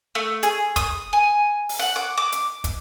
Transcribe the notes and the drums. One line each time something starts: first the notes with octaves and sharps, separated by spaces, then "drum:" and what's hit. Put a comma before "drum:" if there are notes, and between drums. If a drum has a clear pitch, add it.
A3
G#4, drum: hi-hat
D#6, drum: kick, hi-hat
G#5
drum: open hi-hat
F#5
D6
D6
drum: hi-hat
drum: kick, hi-hat